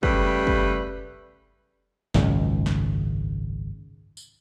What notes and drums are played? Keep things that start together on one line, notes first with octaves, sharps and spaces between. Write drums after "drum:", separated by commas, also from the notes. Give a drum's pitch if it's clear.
C#3 G3 A3 G4 B4, drum: kick
drum: kick
G#1 C#2 F#2 C#3, drum: snare
drum: snare
drum: tambourine